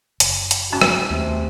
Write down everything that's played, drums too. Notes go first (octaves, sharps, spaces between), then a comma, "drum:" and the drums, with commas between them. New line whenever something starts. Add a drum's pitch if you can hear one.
F#1, drum: hi-hat
drum: hi-hat
G#2 C#3 F#4 A5
drum: rim click
D#2 C3 A3 B3